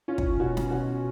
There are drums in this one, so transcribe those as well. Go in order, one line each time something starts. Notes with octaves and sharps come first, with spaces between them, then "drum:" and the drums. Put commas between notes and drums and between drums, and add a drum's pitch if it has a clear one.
C#4 F4
drum: kick
B2 F#4
drum: snare
B2 F#4